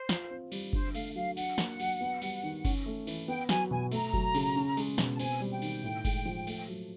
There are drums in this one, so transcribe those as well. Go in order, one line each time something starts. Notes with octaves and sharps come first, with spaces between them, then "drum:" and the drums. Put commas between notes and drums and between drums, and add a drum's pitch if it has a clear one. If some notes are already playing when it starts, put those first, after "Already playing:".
Already playing: C5
F4, drum: snare
C4
G3, drum: cymbal
D3 C5, drum: kick F#1
A3 F5, drum: cymbal
F#3 F5
D4 F#5, drum: cymbal
A#3, drum: snare
F#3, drum: cymbal
B3
G3, drum: cymbal
D#3
C#4, drum: kick F#1, cymbal
A3
E3, drum: cymbal
B3 G5
F#3 G#5, drum: snare
B2 G#5
A3 A#5, drum: cymbal
F#3, drum: kick F#1
C#3, drum: cymbal
C#4
G#3, drum: cymbal
B2, drum: snare
A5
C4 G#5, drum: cymbal
G3
G5
D#3, drum: cymbal
A2
G#3, drum: kick F#1, cymbal
F3
A3, drum: cymbal
F#3